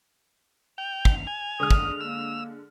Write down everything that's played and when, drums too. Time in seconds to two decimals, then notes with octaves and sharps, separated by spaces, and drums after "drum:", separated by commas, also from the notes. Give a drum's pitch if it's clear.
0.78 G5 F7
1.05 drum: kick
1.27 G#5
1.60 D3 G#3 D#6 F6
1.71 drum: kick
2.01 A#3 E6